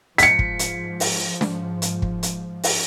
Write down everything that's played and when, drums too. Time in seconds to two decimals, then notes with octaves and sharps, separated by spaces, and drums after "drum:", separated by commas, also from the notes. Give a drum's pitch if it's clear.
0.18 G#2 F3 B6 C#7, drum: hi-hat
0.39 drum: kick
0.59 drum: hi-hat
1.00 drum: open hi-hat
1.41 drum: snare
1.82 drum: hi-hat
2.02 drum: kick
2.23 drum: hi-hat
2.63 drum: open hi-hat